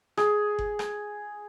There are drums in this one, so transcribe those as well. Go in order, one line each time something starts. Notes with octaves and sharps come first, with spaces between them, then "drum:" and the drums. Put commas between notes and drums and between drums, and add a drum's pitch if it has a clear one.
G#4, drum: rim click
drum: kick F#1
drum: rim click